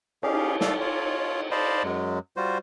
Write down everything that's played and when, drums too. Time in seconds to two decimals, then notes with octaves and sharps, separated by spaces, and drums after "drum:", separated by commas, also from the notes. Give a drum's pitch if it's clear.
0.23 C#4 G4 G#4 F5, drum: cymbal
0.61 A3 A4 D5 F5, drum: snare
0.80 F4 C#5
1.51 C5 D5 D#5 F5 A5 B5
1.84 F#2 F#3 G#3
2.37 G3 F4 F#4 C5